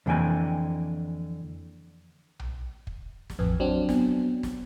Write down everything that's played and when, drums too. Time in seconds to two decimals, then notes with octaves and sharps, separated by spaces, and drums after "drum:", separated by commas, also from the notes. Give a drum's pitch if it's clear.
0.06 F2 D3 E3 A#3 G5 G#5
2.39 drum: tom B1
2.87 drum: kick
3.30 drum: snare
3.39 A1 F2 B4
3.60 F#3 C4 D4
3.89 B3, drum: snare
4.43 drum: snare